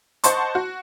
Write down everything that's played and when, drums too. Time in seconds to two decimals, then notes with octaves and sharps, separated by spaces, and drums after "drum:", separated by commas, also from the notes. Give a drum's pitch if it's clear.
0.24 C5 D#5 F#5 A5 C6 C#6, drum: hi-hat
0.55 F#4